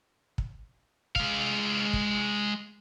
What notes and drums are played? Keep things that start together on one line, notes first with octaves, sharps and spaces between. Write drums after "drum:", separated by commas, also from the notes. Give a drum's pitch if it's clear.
drum: kick
G#3 F5, drum: kick
drum: kick